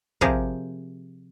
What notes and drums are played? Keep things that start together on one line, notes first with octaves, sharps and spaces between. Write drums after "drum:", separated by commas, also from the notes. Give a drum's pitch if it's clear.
C3 F3 G4 G#4 A#4, drum: kick